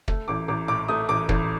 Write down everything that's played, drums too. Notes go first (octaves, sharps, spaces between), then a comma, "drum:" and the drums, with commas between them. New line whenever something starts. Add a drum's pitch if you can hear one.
A3, drum: kick
A1 D6
A1 D6
A2 D6
A3 D#6
A1 D6
A1, drum: kick